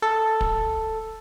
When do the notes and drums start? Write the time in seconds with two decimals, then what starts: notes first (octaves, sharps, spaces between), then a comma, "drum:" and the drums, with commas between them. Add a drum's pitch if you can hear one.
0.02 A4
0.41 drum: kick